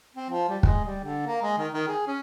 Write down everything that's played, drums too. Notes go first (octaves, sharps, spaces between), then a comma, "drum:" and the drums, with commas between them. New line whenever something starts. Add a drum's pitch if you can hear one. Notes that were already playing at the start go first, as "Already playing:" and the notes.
C4
F3
G3
G#3, drum: kick
G3
D3
A#3
G#3
D#3
D#3
G#4
C#4